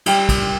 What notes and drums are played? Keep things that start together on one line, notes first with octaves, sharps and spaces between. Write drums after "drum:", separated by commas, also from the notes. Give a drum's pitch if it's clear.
G3 G5, drum: cymbal
drum: kick, cymbal